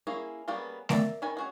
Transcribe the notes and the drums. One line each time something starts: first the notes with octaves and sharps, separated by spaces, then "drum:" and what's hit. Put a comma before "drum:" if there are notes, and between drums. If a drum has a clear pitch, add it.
A#3 C#4 E4 G#4
G3 A#3 B3 C#4 G#4
A#3 D5 E5, drum: snare
D#3 C#4 G#5 B5
C#4 F#4 G#4